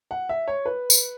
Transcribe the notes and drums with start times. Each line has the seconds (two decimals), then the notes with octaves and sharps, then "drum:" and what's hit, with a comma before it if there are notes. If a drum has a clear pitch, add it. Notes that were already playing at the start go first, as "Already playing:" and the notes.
0.11 F#5
0.29 E5
0.48 C#5
0.66 B4
0.90 drum: tambourine